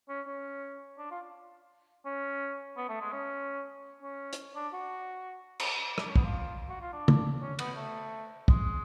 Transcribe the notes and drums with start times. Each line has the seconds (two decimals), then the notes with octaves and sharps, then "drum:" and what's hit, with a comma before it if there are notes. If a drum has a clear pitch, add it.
0.09 C#4
0.26 C#4
0.98 D4
1.11 F4
2.05 C#4
2.77 B3
2.89 A3
3.01 G#3
3.13 C#4
4.02 C#4
4.33 drum: hi-hat
4.56 D4
4.73 F#4
5.60 drum: cymbal
5.98 D4, drum: rim click
6.08 C#4
6.16 B3, drum: kick
6.24 F4
6.69 F#4
6.81 F4
6.93 D4
7.08 drum: tom C#3
7.41 C#4
7.59 B3, drum: cymbal
7.76 A3
8.48 G#3, drum: kick